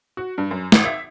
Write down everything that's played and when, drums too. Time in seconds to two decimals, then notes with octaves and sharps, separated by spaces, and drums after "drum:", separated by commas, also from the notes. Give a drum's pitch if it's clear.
0.17 F#4
0.38 G2
0.51 F#2
0.72 G#1, drum: snare
0.85 E5